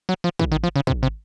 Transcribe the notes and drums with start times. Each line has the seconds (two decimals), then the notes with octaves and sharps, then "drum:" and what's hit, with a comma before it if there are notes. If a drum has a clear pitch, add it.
0.09 F#3
0.24 F3
0.39 E3, drum: kick
0.52 D#3
0.63 F3
0.76 C#3
0.87 C3, drum: kick
1.03 C3